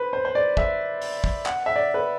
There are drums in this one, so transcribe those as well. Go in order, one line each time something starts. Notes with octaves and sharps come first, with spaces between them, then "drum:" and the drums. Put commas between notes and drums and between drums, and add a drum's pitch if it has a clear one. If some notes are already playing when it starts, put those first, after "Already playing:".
Already playing: B4 C5
C5
C5
D5
E5, drum: kick
drum: open hi-hat
drum: kick
F#5, drum: clap
E5
D5
B4